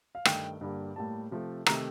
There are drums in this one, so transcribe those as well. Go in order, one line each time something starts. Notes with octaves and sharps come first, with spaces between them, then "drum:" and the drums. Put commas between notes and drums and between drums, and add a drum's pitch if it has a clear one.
F5
G2 D#3 A3 G5, drum: rim click
G2 D3 G3 A#3
A2 G3 A#3 A5
C3 F3 A3
C3 D#3 A3 A#5, drum: rim click